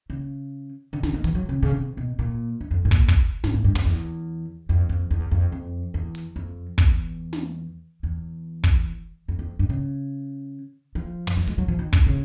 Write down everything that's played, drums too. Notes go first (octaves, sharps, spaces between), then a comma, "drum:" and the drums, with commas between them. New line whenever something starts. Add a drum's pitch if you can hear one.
C#3
D3
D3, drum: snare
D#3
E3, drum: hi-hat
F#3
C#3
C#3
C3
B2
A#2
G2
F2
A2
A#2, drum: kick
drum: kick
G#2, drum: snare
G#2
G2
F#2, drum: tom
E2
F2
F2
E2
F2
F2
E2
drum: hi-hat
F2
E2, drum: kick
drum: snare
E2
drum: kick
F2
F2
G2
C#3
F3
drum: tom
F3
G#3, drum: open hi-hat
F#3
F3
D#3
D3, drum: kick
C#3